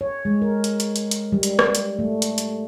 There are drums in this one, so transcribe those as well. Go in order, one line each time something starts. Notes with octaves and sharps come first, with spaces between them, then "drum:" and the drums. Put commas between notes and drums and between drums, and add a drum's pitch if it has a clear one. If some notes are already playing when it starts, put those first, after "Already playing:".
C#5
G#3
A#4
drum: hi-hat
drum: hi-hat
drum: hi-hat
drum: hi-hat
G3
drum: hi-hat
drum: rim click
drum: hi-hat
A3
drum: hi-hat
drum: hi-hat